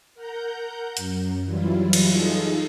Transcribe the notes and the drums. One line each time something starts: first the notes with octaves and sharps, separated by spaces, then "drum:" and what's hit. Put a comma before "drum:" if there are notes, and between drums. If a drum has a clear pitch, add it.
A#4 F#5 A#5 G6
F#2, drum: hi-hat
E3 F#3 G3 E4 F4
drum: cymbal
D#4 F4 G#4 A4